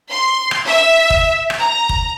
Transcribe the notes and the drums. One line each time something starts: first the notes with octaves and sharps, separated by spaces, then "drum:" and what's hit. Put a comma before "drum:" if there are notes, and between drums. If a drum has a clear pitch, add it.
C6
drum: rim click
E5
drum: kick
drum: rim click
A#5
drum: kick